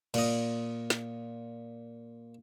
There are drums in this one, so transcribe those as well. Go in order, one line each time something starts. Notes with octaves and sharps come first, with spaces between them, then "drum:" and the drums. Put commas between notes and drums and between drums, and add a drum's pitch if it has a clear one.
A#2 D#5, drum: cymbal
drum: snare